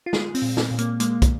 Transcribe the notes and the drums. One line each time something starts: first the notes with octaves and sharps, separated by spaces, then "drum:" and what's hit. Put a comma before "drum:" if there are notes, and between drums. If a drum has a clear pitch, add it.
F4
G#3 G#4, drum: snare
C4, drum: open hi-hat
A#2
C4, drum: snare
A#2
A#3, drum: hi-hat
G#3 A#3, drum: hi-hat
drum: kick, hi-hat